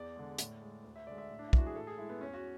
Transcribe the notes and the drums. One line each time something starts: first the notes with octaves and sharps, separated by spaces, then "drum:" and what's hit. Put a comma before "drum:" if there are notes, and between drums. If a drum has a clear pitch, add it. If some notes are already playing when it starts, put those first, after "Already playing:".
Already playing: E2 D5
D3 G#3
A2, drum: hi-hat
G#3
D2
E5
D3 G#3 D5
E5
A2
D4
E4
E3 G#3 F#4, drum: kick
G#4
A2 A4
G#4
G#3 E4
B3
E2 C#4
F#4